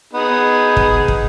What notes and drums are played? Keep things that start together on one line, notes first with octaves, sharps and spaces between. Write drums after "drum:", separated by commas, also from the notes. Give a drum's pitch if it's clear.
B3 D#4 G#4
drum: kick
drum: kick